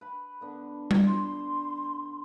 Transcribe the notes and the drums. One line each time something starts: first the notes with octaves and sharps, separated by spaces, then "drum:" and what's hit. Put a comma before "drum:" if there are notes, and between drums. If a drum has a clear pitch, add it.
B4 B5
D3 B3 D4
drum: tom G3
D5 C6